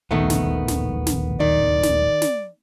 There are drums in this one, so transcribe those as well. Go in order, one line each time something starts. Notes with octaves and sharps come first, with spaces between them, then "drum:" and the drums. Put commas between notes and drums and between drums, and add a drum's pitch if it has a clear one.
D1 A#1 D#2 D#3 A3 B3
drum: snare
drum: snare
drum: snare
D#3 D5
drum: snare
drum: snare